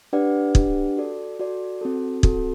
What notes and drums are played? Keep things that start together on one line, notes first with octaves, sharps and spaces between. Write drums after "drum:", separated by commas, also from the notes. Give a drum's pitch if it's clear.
D4 G4 B4 D5 F#5
D4 G4 B4 D5 F#5, drum: kick
F#4 A4 D5
F#4 A4 D5
C4 F#4 A4
C4 F#4 A4, drum: kick